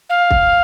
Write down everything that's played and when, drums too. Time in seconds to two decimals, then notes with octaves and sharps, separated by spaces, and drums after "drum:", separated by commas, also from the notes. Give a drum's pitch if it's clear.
0.10 F5
0.31 drum: kick